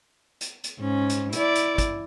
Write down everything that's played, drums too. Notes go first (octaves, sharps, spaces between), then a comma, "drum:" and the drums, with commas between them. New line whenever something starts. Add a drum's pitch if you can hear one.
drum: hi-hat
drum: hi-hat
G#2 C#4
drum: hi-hat
E4 D5, drum: hi-hat
drum: hi-hat
drum: kick, hi-hat